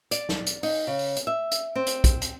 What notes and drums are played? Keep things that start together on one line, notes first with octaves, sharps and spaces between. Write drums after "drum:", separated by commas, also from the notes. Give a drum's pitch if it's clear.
D5, drum: hi-hat
drum: snare
drum: hi-hat
D#4, drum: open hi-hat
C#3
drum: open hi-hat
drum: hi-hat
E5
drum: hi-hat
C4
drum: hi-hat
drum: kick, hi-hat
drum: hi-hat